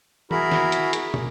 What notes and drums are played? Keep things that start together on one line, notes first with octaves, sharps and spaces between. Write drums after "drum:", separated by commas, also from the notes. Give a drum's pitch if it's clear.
E4 F#4 G#4 A#4 A#5 B5, drum: tom E3
drum: snare
drum: hi-hat
drum: hi-hat
drum: tom